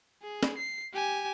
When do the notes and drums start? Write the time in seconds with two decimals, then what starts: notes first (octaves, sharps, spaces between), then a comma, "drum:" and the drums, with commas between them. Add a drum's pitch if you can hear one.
0.22 G#4
0.43 drum: snare
0.57 C7
0.93 G4 G#5